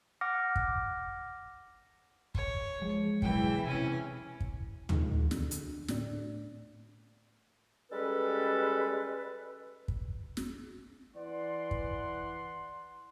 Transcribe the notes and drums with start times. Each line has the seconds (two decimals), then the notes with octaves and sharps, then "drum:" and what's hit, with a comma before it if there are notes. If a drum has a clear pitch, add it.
0.21 F#5 D6 F6 A#6
0.56 drum: kick
2.35 C#5, drum: kick
2.82 F3 G#3
3.22 B2 E3 F#3 E4 G5, drum: kick
3.67 C3 C4 C#4 G#5
4.40 drum: kick
4.89 E2 D#3 F3 G#3, drum: tom D2
5.31 D3, drum: snare
5.51 drum: hi-hat
5.88 A2 D4, drum: snare
7.91 G3 G#3 C#4 A4 B4
9.88 drum: kick
10.37 drum: snare
11.16 E3 D5 F#5 C6
11.71 drum: kick